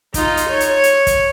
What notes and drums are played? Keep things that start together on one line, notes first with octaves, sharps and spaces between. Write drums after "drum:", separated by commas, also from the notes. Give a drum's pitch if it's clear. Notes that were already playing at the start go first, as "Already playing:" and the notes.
D#4 F4, drum: kick, hi-hat
drum: hi-hat
C#5
drum: hi-hat
drum: hi-hat
drum: kick, hi-hat